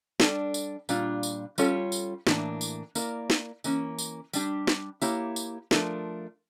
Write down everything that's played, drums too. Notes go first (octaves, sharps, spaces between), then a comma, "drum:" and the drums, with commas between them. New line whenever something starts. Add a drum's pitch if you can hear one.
G3 D4 A4, drum: snare
drum: tambourine
A#2 G3 D4 F4, drum: tambourine
drum: tambourine
G3 C#4 F4 A4 C#5, drum: tambourine
drum: tambourine
A2 E3 A#3 D4, drum: snare
drum: tambourine
A#3 E4 A#4 D5, drum: tambourine
drum: snare
E3 A#3 C#4, drum: tambourine
drum: tambourine
G3 D4 G4, drum: tambourine
drum: snare
A#3 E4 G4 C#5, drum: tambourine
drum: tambourine
F3 A3 D4 F4 A#4, drum: snare